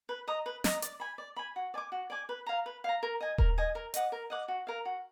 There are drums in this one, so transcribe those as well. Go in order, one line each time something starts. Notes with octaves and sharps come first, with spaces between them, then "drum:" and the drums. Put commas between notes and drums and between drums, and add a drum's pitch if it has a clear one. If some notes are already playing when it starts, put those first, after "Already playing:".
B4
D#5 A#5 D#6
B4
D#5 A#5 D#6, drum: snare
D5, drum: hi-hat
G#5 B5
D5
G#5 B5
F#4
D5 G#5 D6
F#4
D5 G#5 D6
B4
F5 A#5
B4
F5 A#5
A#4
D#5 G#5
A#4, drum: kick D#1
D#5 G#5
A#4
D#5 F#5 D6, drum: hi-hat
A#4
D#5 F#5 D6
F#4
A#4 F5
F#4